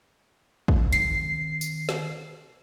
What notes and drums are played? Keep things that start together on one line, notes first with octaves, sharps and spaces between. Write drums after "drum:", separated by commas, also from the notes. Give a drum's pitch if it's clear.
drum: kick
C3 D#3 C7, drum: hi-hat
drum: tambourine
drum: snare